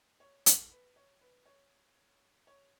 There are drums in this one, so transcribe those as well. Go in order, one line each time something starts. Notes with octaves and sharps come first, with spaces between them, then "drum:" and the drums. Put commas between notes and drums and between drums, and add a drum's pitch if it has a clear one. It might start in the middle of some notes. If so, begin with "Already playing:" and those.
C#5
A4, drum: hi-hat
B4
C#5
B4
C#5
C#5